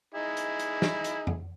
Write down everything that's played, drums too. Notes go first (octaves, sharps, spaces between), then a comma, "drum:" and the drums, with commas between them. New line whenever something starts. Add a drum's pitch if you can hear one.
D#4 E4 G#4
drum: hi-hat
drum: hi-hat
drum: snare
drum: hi-hat
drum: tom F2